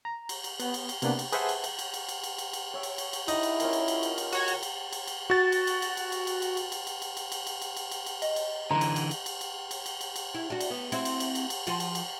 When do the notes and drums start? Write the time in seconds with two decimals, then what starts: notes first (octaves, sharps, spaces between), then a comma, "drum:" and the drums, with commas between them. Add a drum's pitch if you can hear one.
0.05 A#5
0.29 drum: cymbal
0.44 drum: cymbal
0.60 B3, drum: cymbal
0.74 drum: cymbal
0.89 drum: cymbal
1.02 C3 A#3 B3 D4, drum: cymbal
1.19 drum: cymbal
1.32 G#4 B4 C5 E5 F#5 A5, drum: cymbal
1.49 drum: cymbal
1.64 drum: cymbal
1.79 drum: cymbal
1.94 drum: cymbal
2.09 drum: cymbal
2.23 drum: cymbal
2.38 drum: cymbal
2.53 drum: cymbal
2.74 C#5 E5 G5
2.83 drum: cymbal
2.98 drum: cymbal
3.13 drum: cymbal
3.28 D#4 E4, drum: cymbal
3.43 drum: cymbal
3.60 C#4 F4 A#4, drum: cymbal
3.73 drum: cymbal
3.88 drum: cymbal
4.03 drum: cymbal
4.18 drum: cymbal
4.32 F#4 C#5, drum: cymbal
4.48 drum: cymbal
4.63 drum: cymbal
4.93 drum: cymbal
5.07 drum: cymbal
5.30 F#4 A6
5.52 drum: cymbal
5.67 drum: cymbal
5.82 drum: cymbal
5.97 drum: cymbal
6.12 drum: cymbal
6.27 drum: cymbal
6.42 drum: cymbal
6.57 drum: cymbal
6.72 drum: cymbal
6.87 drum: cymbal
7.02 drum: cymbal
7.17 drum: cymbal
7.32 drum: cymbal
7.47 drum: cymbal
7.62 drum: cymbal
7.77 drum: cymbal
7.91 drum: cymbal
8.06 drum: cymbal
8.22 D#5, drum: cymbal
8.36 drum: cymbal
8.71 D3 E3 A#5 C6
8.81 drum: cymbal
8.96 drum: cymbal
9.11 drum: cymbal
9.26 drum: cymbal
9.41 drum: cymbal
9.71 drum: cymbal
9.86 drum: cymbal
10.01 drum: cymbal
10.16 drum: cymbal
10.34 E4
10.50 D4 F#4
10.60 drum: cymbal
10.70 B3
10.92 C4 E4 F#4, drum: cymbal
11.05 drum: cymbal
11.20 drum: cymbal
11.35 drum: cymbal
11.50 drum: cymbal
11.67 F3 F4 F#4, drum: cymbal
11.80 drum: cymbal
11.95 drum: cymbal